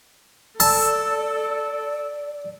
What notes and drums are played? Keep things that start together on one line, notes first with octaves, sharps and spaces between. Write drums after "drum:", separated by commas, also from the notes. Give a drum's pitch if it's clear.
A4 D5 A5 E6, drum: open hi-hat